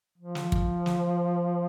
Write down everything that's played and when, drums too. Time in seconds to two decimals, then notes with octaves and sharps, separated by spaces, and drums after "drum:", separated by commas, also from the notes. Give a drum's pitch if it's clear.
0.18 F3
0.35 drum: snare
0.52 drum: kick
0.86 drum: snare